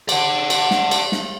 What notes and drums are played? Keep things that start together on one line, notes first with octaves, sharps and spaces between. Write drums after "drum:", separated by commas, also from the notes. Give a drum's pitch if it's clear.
D5 F#5, drum: cymbal
drum: cymbal
drum: snare
drum: cymbal
drum: snare